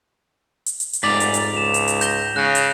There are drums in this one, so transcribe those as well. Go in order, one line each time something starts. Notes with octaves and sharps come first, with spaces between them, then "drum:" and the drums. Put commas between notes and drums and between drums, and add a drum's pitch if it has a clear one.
drum: hi-hat
drum: hi-hat
drum: hi-hat
F1 G#2 D5 B6 F7
drum: hi-hat
drum: hi-hat
C#2 E7 F7
drum: hi-hat
drum: hi-hat
G6 A#6 G7, drum: hi-hat
C#3 F#6 A#6
drum: hi-hat